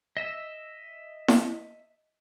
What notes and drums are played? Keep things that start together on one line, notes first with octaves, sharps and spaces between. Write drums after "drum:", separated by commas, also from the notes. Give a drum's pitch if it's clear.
D#5 E5 E6
drum: snare E4